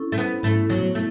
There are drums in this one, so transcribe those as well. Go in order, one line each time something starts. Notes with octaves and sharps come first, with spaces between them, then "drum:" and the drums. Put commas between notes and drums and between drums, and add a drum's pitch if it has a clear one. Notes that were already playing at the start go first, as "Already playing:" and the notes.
Already playing: C#4 E4 A4
A3
B3 C#4
A3 E4 A4, drum: tom G#2
F#3 B3, drum: tom B2
A3 E4